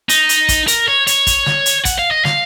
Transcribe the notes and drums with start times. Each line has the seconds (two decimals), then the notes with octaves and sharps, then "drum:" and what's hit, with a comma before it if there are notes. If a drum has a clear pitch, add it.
0.09 D#4, drum: hi-hat
0.29 drum: hi-hat
0.49 drum: kick, hi-hat
0.68 A#4, drum: hi-hat
0.88 C#5
1.07 C#5, drum: hi-hat
1.27 drum: kick, hi-hat
1.46 drum: snare
1.66 drum: hi-hat
1.85 F#5, drum: kick, hi-hat
1.99 F5
2.11 D#5
2.25 F5, drum: snare